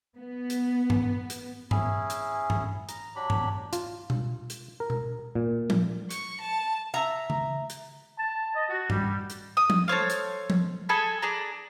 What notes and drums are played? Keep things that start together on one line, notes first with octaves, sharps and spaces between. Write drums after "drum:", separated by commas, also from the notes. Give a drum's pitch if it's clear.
B3
drum: hi-hat
drum: tom G2
drum: hi-hat
C#4 E4 G#4, drum: tom G2
drum: hi-hat
drum: tom G2
A#5, drum: hi-hat
F#3 D4 G4 B5
drum: tom G2
F4, drum: hi-hat
drum: tom B2
drum: hi-hat
A#4
drum: tom B2
A#2
drum: tom F3
C#6, drum: hi-hat
A5
E5 A#5
drum: tom C#3
drum: hi-hat
A5
D#5
F#4
G3, drum: tom G2
drum: hi-hat
D#6
drum: tom F3
A4 C5 C#5 F5
drum: hi-hat
drum: tom F3
G#4 A4 G#5 B5
D4 G#4 A#5